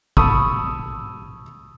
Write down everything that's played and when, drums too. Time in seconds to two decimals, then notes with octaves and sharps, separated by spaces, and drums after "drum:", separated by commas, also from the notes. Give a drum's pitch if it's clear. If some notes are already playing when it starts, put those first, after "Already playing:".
0.17 A5 B5 C#6 D#6 E6, drum: kick